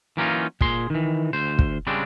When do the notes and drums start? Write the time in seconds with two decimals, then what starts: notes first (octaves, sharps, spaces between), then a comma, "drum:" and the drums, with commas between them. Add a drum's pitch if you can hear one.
0.17 E3 F#3 A#3 C#4 D#4 F4
0.61 A#2 G#4 C6, drum: kick
0.90 D#3 E3
1.33 D2 C5
1.59 drum: kick
1.87 C#3 G3 G#3 C4 D4